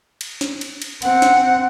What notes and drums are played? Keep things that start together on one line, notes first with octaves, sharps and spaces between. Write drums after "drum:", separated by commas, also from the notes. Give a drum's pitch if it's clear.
drum: cymbal
drum: snare
drum: cymbal
drum: cymbal
C4 F#5, drum: cymbal
drum: snare